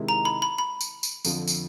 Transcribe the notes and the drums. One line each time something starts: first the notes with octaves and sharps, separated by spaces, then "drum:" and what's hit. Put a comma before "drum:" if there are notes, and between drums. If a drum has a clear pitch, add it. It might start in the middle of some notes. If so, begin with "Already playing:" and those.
Already playing: C3 D#3 G#3 C4 E4
A#5
B5
B5
B5
drum: tambourine
drum: tambourine
F2 D3 F3, drum: tambourine
drum: tambourine